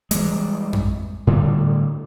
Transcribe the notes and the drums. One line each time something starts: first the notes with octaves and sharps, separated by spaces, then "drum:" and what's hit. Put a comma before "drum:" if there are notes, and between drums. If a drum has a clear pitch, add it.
E3 G3 G#3, drum: hi-hat
drum: tom F2
A2 D3 G3